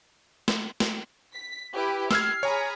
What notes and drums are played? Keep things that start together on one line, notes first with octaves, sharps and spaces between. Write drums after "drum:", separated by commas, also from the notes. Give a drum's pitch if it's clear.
drum: snare
drum: snare
B6
E4 G4 B4
E6 F6 G#6 C7, drum: snare
G#4 C#5 A#5 B5